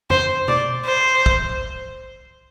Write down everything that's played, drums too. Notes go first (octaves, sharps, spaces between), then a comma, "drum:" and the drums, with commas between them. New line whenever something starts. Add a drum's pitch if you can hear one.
C5, drum: tom F2
D5, drum: tom B2
C5
drum: kick